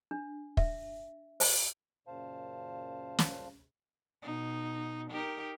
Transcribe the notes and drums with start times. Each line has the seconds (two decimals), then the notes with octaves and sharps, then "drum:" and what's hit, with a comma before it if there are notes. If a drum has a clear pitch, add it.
0.11 D4
0.57 E5, drum: kick
1.40 C5, drum: open hi-hat
2.07 F#2 A#2 C#3 C5 F5 A5
3.19 drum: snare
4.22 B2 D#4
5.10 D#4 G4 A#4